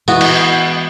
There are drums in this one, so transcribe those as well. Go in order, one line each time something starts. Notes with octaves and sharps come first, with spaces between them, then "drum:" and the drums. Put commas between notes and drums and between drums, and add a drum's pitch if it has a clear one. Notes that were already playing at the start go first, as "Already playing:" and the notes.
E3 G#3 B3 F#4, drum: tambourine
drum: cymbal